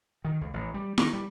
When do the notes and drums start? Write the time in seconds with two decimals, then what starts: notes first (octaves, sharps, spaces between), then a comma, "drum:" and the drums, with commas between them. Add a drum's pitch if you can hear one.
0.25 D#3
0.41 C#2
0.54 A1
0.74 G3
0.98 D#3, drum: snare E4
1.13 G3